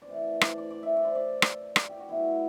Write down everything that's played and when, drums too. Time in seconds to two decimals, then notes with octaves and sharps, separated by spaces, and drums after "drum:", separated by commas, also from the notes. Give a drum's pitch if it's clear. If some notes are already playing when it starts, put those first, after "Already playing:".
0.02 D5
0.07 C3 E3 A3 C5
0.41 D5, drum: rim click
0.58 D5
0.71 D5
0.83 E5
0.97 D5
1.05 C5
1.15 D5
1.42 drum: rim click
1.76 drum: rim click
1.89 G4
1.99 F#4
2.09 A2 F#3 B3 E4